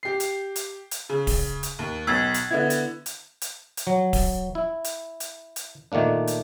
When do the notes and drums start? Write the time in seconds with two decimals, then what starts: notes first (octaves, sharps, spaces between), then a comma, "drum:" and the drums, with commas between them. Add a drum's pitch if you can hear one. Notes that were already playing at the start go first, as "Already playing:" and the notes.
0.03 G4 C7
0.20 drum: hi-hat
0.56 drum: hi-hat
0.91 drum: hi-hat
1.09 C#3
1.27 drum: kick D1, open hi-hat
1.63 drum: hi-hat
1.79 D#2
2.07 B1 E6 G#6 A6
2.34 drum: hi-hat
2.51 D3 B3 E4 G#6
2.70 drum: hi-hat
3.06 drum: hi-hat
3.41 drum: hi-hat
3.77 drum: hi-hat
3.87 F#3
4.13 drum: kick D1, open hi-hat
4.55 E4
4.84 drum: hi-hat
5.20 drum: hi-hat
5.56 drum: hi-hat
5.92 A#2 D#3 A3 A#3 D4
6.27 drum: hi-hat